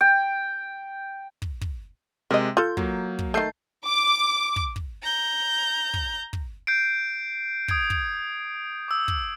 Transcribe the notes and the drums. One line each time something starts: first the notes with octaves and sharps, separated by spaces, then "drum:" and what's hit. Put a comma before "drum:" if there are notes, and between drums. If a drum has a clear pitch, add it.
G5
drum: kick
drum: kick
C3 G#3 A#4 D#5
F4 A4 G6
F#3 A#3, drum: kick
drum: kick
D#3 A3 A5 G6 C7
D6
drum: kick
drum: kick
A#5 G6
drum: kick
drum: kick
G6 C7 D7
D#6 G#6 D7, drum: kick
drum: kick
D6 E6
drum: kick